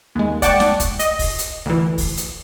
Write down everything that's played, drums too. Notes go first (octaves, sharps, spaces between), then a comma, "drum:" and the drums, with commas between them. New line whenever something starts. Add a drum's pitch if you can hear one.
D#2 G#3
D5 F#5 G5 A5 C#6 D6, drum: kick, hi-hat
drum: snare
drum: kick, hi-hat
D#5, drum: hi-hat
drum: kick, open hi-hat
drum: hi-hat
D2 E3
drum: kick, open hi-hat
drum: hi-hat